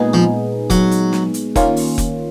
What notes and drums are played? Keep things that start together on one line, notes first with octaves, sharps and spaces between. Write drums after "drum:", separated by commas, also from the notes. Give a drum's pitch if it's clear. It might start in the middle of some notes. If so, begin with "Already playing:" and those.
Already playing: A#2 G#3 B3 D#4 G#4
F3
F#3, drum: kick F1, hi-hat
drum: hi-hat
drum: snare
drum: hi-hat
D#3 A#3 C#4 F4, drum: kick F1, hi-hat
drum: open hi-hat
drum: kick F1, hi-hat